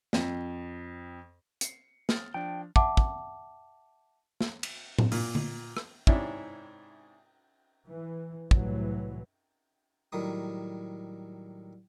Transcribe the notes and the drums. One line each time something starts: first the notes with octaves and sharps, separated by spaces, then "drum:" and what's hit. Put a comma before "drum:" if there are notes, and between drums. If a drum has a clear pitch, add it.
F2, drum: snare
C7 C#7, drum: hi-hat
D#6 F6 A6, drum: snare
F3 D4 G5
E5 F#5 A5 D6, drum: kick
drum: kick
drum: snare
drum: cymbal
drum: tom A2
A#2, drum: open hi-hat
drum: tom D3
drum: rim click
G#2 C3 C#4 D4 E4, drum: kick
E3
C2 A2 E3 F#3, drum: kick
A2 D#3 F#3 G3 D#6